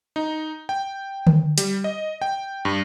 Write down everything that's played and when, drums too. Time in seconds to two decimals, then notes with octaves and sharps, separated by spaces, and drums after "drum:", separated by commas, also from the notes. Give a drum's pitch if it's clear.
0.16 D#4
0.69 G5
1.27 drum: tom D3
1.58 G3, drum: hi-hat
1.84 D#5
2.22 G5
2.65 G2